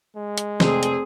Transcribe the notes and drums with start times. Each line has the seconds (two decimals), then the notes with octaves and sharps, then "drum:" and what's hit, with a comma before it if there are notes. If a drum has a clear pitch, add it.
0.16 G#3
0.38 drum: hi-hat
0.60 F1 C4 G#4, drum: snare
0.83 drum: hi-hat